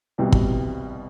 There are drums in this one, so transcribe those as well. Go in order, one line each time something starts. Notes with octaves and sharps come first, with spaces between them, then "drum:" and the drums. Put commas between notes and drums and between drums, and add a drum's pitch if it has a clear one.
C2 B2 G3 C4 G4
drum: kick